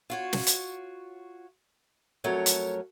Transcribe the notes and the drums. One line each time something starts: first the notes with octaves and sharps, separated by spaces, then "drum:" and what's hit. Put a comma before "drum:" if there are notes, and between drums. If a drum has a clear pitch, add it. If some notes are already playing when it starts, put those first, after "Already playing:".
F4 F#4 C#5
drum: snare
drum: hi-hat
F2 F#3 A3 A#4 C#5
drum: hi-hat